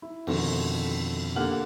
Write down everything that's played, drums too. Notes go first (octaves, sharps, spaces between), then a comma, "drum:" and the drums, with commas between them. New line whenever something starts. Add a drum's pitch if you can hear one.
E4
F2 B2 D3 D#3, drum: cymbal
D3 A#3 G4 F#5 F6 F#7, drum: tom